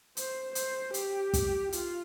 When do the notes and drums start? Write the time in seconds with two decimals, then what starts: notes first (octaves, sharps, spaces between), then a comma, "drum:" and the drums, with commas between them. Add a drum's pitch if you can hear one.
0.17 C5, drum: hi-hat
0.55 C5, drum: hi-hat
0.94 G4, drum: hi-hat
1.33 drum: kick, hi-hat
1.72 F4, drum: hi-hat